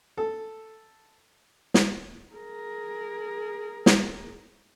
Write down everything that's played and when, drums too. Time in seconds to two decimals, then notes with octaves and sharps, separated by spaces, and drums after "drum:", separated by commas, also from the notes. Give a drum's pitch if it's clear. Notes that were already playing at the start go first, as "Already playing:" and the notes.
0.17 A4
1.74 drum: snare
2.33 G#4 A#4
3.86 drum: snare